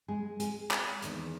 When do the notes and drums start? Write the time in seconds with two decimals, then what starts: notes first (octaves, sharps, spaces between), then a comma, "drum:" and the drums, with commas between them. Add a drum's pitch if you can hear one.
0.08 G#3 G#4
0.39 G#3 G#4, drum: hi-hat
0.71 drum: clap
1.02 E2 D#3 G#3, drum: hi-hat